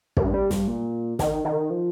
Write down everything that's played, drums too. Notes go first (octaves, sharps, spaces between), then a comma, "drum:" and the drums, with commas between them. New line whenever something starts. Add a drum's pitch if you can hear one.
G2, drum: kick
G3
G2, drum: snare
A#2
D#3, drum: snare
D#3
F3